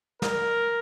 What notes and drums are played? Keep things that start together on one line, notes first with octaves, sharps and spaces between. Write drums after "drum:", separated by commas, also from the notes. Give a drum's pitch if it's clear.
A#4, drum: snare